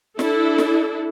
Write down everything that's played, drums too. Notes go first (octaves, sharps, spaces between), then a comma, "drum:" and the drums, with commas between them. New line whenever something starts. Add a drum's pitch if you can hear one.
D4 E4 A4, drum: snare
drum: snare